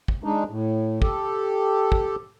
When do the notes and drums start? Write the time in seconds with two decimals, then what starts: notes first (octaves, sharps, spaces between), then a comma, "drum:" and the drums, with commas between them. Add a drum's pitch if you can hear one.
0.08 drum: kick
0.24 G#3 D4 D#4
0.49 A2
1.02 G4 A4, drum: kick
1.92 drum: kick